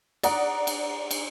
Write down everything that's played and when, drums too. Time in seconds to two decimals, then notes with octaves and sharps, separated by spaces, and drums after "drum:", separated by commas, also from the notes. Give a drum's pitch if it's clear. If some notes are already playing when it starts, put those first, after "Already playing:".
0.23 D5 F#5 A#5 D#6, drum: cymbal
0.67 drum: cymbal
1.11 drum: cymbal